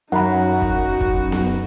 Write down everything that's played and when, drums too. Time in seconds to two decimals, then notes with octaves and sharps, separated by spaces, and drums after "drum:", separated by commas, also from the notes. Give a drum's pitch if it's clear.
0.12 F#2 D#3 D#4 F#4 F#5 A#5 B5
0.62 drum: kick
1.01 drum: kick
1.32 drum: snare B3